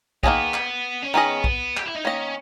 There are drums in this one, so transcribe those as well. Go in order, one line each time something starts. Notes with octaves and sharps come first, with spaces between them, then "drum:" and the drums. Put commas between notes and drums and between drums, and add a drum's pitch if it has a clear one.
D#3 A#3 B3 C#4 G#4 D#5, drum: kick A#1
drum: clap
C#4
D#3 A#3 B3 C#4 G#4 D#5
drum: kick A#1
G4, drum: clap
E4
D#4
D#3 A#3 C#4 D#5